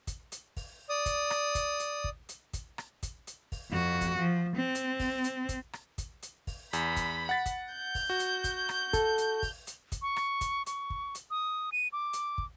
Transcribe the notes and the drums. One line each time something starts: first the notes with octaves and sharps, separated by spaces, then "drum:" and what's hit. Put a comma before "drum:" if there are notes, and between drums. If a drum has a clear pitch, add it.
drum: kick, hi-hat
drum: hi-hat
drum: kick, open hi-hat
D5 D#6
drum: kick, hi-hat
drum: rim click
drum: kick, hi-hat
drum: hi-hat
drum: kick
drum: hi-hat
drum: kick, hi-hat
drum: rim click
drum: kick, hi-hat
drum: hi-hat
drum: kick, open hi-hat
F2 F#4
drum: kick, hi-hat
F3
C4
drum: hi-hat
drum: kick, open hi-hat
drum: hi-hat
drum: kick, hi-hat
drum: rim click
drum: kick, hi-hat
drum: hi-hat
drum: kick, open hi-hat
E2 B5, drum: hi-hat
drum: kick, hi-hat
F#5 A6
drum: kick, hi-hat
G6
drum: kick, open hi-hat
F#4
drum: hi-hat
drum: kick, hi-hat
drum: rim click
A4, drum: kick, hi-hat
drum: hi-hat
drum: kick, open hi-hat
drum: hi-hat
drum: kick, hi-hat
C#6
drum: rim click
drum: kick, hi-hat
C#6, drum: hi-hat
drum: kick
drum: hi-hat
D#6
D#7
D6
drum: hi-hat
drum: kick